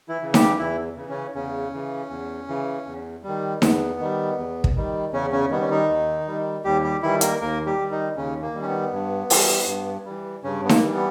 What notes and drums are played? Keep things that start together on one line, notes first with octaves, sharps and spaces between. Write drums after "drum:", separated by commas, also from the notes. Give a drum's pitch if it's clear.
E3 E4
C#3 E3
G3 G4, drum: snare D#4
E2 E3 E4
C#3 E3
C#3 C#4
E2 C#3 C#4
C#3 E3
E2
C#3 E3
E2
D#3 G3
E2 B3, drum: snare D#4
D#3 G3
E2
drum: kick
D#3 G3
E2 C#3 C#4
C#3 C#4
D#3 G3 B3
C#4
D#3 D#4
D#2
D#3 G3
D#2 G3 G4
G3 G4
D#3 E3 G3 E4
A#3 A#4, drum: hi-hat
D#2 A#3 A#4
G3 G4
D#3 G3
D#3 D#4
D#2 C#3 C#4
A#3
D#3 G3
C#4
B3
G2
E3 G3, drum: open hi-hat
G2
E3 G3
G2 C#3 C#4
B3
A#3, drum: snare D#4
E3 G3
B3